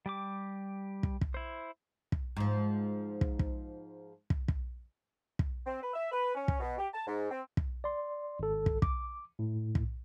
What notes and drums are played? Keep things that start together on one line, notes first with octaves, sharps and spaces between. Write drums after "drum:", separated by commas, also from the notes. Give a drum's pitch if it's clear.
G3 G4 D6
drum: kick
drum: kick
E4 C5
drum: kick
G#2 F3
drum: kick
drum: kick
drum: kick
drum: kick
drum: kick
C4
B4
E5
B4
C#4
drum: kick
B2
G4
A5
G#2
C4
drum: kick
D5 C6
G#1 A4
drum: kick
D6, drum: kick
A2
drum: kick